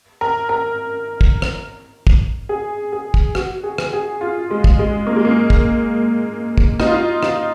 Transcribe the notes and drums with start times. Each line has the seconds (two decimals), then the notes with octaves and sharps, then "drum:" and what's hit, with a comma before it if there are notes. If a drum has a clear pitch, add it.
0.21 A#4
0.49 A#4
1.21 drum: kick
1.42 drum: rim click
2.07 drum: kick
2.49 G#4
2.92 G#4
3.14 drum: kick
3.35 F#4, drum: rim click
3.63 G#4
3.78 drum: rim click
3.93 G#4
4.21 F4
4.51 G#3
4.64 drum: kick
4.79 G#3
5.07 A#3
5.16 G#3
5.25 A#3
5.50 drum: kick
6.58 drum: kick
6.80 D#4, drum: rim click
6.87 F4
6.94 D#4
7.23 D#4, drum: rim click